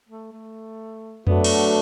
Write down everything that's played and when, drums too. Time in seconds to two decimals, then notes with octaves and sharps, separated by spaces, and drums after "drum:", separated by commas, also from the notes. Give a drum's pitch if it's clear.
0.09 A3
0.32 A3
1.27 F#3 A3 B3 D4 F#4, drum: tom F2
1.44 drum: cymbal